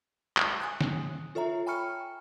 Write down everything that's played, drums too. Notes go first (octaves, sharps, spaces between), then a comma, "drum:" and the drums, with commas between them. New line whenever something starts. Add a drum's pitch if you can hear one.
drum: clap
G#5 D#6 F#6
drum: snare
F4 A4 C#5 E5 A#5
G5 G#5 B5 C#6 F6 C#7